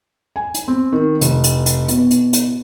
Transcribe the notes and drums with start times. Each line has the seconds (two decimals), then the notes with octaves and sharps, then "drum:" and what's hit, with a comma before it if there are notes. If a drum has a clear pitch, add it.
0.36 G#5
0.54 drum: hi-hat
0.68 C4
0.93 D#3
1.21 F1, drum: hi-hat
1.44 drum: hi-hat
1.66 drum: hi-hat
1.88 B2, drum: hi-hat
2.11 drum: hi-hat
2.33 drum: hi-hat